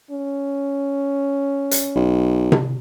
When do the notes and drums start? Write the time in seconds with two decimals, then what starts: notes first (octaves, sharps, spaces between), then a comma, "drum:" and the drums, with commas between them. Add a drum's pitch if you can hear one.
0.11 C#4
1.71 drum: hi-hat
1.96 B1
2.52 drum: tom C3